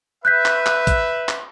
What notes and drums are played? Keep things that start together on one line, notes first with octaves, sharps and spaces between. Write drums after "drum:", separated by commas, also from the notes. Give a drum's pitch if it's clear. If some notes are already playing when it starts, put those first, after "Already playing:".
B4 E5 F#6 G6 B6
drum: clap
drum: clap
drum: kick, hi-hat
drum: clap